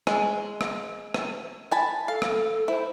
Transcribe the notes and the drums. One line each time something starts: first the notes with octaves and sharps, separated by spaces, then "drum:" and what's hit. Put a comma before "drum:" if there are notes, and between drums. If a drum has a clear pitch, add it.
G#3, drum: rim click
drum: rim click
drum: rim click
G#5 A5 B5
A4 F5
drum: rim click
E4 C5